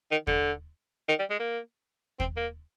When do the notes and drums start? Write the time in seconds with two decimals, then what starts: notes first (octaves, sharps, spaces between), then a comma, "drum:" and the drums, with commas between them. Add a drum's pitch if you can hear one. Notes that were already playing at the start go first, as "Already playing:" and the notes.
0.11 D#3
0.27 D3, drum: kick
1.08 D#3
1.19 G3
1.30 G#3
1.39 A#3
2.20 C4, drum: kick
2.37 A#3